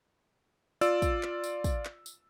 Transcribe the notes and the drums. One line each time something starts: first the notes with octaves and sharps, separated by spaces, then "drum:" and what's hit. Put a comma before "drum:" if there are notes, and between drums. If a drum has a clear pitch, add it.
F4 D5 E6, drum: tambourine
drum: kick, tambourine
drum: clap
drum: tambourine
drum: kick, tambourine
drum: clap
drum: tambourine